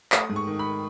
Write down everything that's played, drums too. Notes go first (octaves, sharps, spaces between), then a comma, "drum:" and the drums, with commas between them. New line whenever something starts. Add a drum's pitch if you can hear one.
A3 D#6, drum: clap
G#2
C#6
D#3
B5